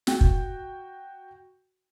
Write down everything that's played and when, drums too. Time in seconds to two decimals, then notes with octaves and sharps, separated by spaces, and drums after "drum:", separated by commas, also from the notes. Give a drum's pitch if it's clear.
0.07 F#4 G5, drum: snare
0.21 drum: kick